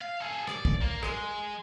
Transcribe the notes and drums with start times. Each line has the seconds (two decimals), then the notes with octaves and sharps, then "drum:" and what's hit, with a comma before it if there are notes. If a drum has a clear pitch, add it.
0.02 F5
0.21 G#4 A4
0.47 D5, drum: rim click
0.65 drum: kick
0.81 A#3
1.03 G#3, drum: rim click